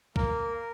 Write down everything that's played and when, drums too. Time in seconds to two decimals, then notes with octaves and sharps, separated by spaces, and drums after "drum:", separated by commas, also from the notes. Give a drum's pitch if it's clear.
0.16 A#3 A#4, drum: kick